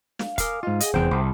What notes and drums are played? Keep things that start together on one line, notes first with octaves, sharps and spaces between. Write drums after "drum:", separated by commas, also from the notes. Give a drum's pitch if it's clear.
F5, drum: snare
A#4 F5 G#5 D6 D#6, drum: kick, hi-hat
G#2 F4 D#5 F5
G#4 D#5 F#5 G#5, drum: hi-hat
F1 E2 C5 G5
C2 A5 B5